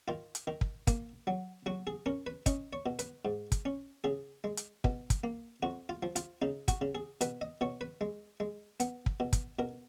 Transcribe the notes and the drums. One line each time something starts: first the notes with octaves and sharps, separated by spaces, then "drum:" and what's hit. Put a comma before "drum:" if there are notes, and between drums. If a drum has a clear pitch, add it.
D#3 F4
drum: hi-hat
D#3
drum: kick
A#3, drum: kick, hi-hat
F#3
F#3 F#4
G#4
C#4 A#4
B4
C#4 D#5, drum: kick, hi-hat
C#5
B2
B4, drum: hi-hat
G#2
drum: kick, hi-hat
C#4
C#3 G#4
G#3
drum: hi-hat
B2, drum: kick
drum: kick, hi-hat
A#3
F2 F#4
F4
F3
F4, drum: hi-hat
C#3 D#4
F#4, drum: kick, hi-hat
C#3
G#4
B2 B4, drum: hi-hat
D#5
B2 C#5
B4
G#3
G#3
B3, drum: hi-hat
drum: kick
B2
drum: kick, hi-hat
B2 A#4